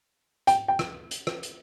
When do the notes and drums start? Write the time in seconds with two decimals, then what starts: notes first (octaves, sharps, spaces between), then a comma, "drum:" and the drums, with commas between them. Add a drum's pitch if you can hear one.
0.47 G5, drum: hi-hat
0.68 G5
0.79 drum: rim click
1.11 drum: hi-hat
1.27 drum: rim click
1.43 drum: hi-hat